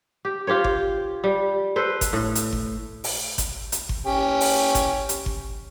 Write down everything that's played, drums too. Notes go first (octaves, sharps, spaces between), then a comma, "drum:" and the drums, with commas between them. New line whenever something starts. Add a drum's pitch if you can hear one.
G4
F4 G4 C5 C#5
drum: kick G1
G3
A4 B4 C5
drum: kick G1, hi-hat
A2
drum: hi-hat
drum: kick G1
drum: open hi-hat
drum: kick G1, hi-hat
drum: hi-hat
drum: kick G1
C#4 G4
drum: open hi-hat
drum: kick G1, hi-hat
drum: hi-hat
drum: kick G1